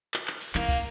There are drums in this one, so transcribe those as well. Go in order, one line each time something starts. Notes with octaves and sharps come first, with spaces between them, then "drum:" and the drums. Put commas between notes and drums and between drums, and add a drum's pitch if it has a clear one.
drum: clap
drum: clap
drum: cymbal
A#3 E4 F5, drum: clap
drum: kick, cymbal